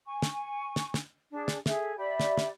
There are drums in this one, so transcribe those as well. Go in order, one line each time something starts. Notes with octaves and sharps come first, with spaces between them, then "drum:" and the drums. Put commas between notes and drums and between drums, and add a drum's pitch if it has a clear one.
G#5 C#6
drum: snare
drum: snare
drum: snare
D4 G#4
drum: snare
G#4 A4 E5, drum: snare
G4 D5 E5 B5
drum: snare
drum: snare